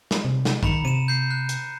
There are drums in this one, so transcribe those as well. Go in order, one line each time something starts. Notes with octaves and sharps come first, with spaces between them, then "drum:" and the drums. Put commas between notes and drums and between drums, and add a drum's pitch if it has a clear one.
drum: snare
C3
drum: snare
D#3 A#5 B5 C#7, drum: kick A#1
C3 D#7 E7
G6 C7
F#6
drum: hi-hat